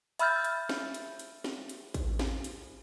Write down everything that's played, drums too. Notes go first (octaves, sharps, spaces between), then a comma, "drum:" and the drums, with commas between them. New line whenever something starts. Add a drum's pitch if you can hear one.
E5 B5 E6 F6 G6 A6, drum: hi-hat
drum: hi-hat
drum: snare
drum: hi-hat
drum: hi-hat
drum: snare
drum: hi-hat
drum: kick A1, hi-hat
drum: snare
drum: hi-hat